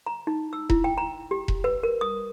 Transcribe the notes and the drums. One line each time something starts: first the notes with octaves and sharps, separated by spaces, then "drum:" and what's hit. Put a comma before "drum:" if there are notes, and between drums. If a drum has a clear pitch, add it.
A#5
D#4
E6
E4, drum: kick E1
G5
A#5
G4
drum: kick E1
B4
A#4
D#6